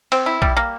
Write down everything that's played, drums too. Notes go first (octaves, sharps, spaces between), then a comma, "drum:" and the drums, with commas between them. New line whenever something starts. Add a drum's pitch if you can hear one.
C4, drum: cymbal
E4
G3, drum: kick A#1
A#3